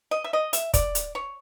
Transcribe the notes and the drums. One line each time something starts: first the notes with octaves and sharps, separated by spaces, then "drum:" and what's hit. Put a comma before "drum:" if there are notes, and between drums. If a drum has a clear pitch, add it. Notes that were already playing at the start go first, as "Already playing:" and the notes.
D#5
E5
D#5
E5, drum: hi-hat
D5, drum: kick, hi-hat
drum: hi-hat
C#5